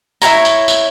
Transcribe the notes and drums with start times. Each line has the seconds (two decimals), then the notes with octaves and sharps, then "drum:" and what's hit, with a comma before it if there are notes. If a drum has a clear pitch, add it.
0.22 E4 G4 C#5 A#5, drum: tambourine
0.45 drum: tambourine
0.68 drum: tambourine